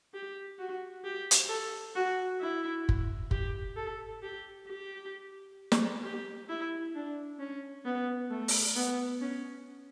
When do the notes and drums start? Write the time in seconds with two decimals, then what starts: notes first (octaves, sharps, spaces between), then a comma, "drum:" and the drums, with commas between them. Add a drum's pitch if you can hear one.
0.14 G4
0.59 F#4
1.04 G4
1.31 drum: hi-hat
1.49 A4
1.95 F#4
2.41 E4
2.89 drum: kick
3.31 G4, drum: kick
3.76 A4
4.22 G4
4.67 G4
5.72 drum: snare
6.04 G4
6.49 E4
6.95 D4
7.39 C#4
7.85 B3
8.30 A3
8.48 drum: open hi-hat
8.76 B3
9.21 C#4